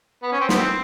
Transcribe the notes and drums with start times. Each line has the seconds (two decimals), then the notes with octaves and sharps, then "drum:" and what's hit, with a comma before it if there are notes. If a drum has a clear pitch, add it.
0.22 B3
0.32 C#4
0.40 C4
0.49 B3, drum: snare
0.58 C4